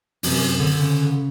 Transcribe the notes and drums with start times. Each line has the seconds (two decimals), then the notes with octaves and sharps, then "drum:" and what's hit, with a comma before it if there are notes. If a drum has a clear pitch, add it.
0.23 F#2 C3, drum: open hi-hat
0.60 D3
0.79 C#3